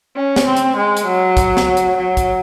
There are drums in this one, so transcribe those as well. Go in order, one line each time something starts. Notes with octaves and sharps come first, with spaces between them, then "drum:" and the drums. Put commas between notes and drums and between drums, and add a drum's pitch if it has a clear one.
C#4
drum: snare
C4
drum: hi-hat
G#3
drum: hi-hat
F#3
drum: kick, hi-hat
drum: snare
drum: hi-hat
F#3
drum: kick, hi-hat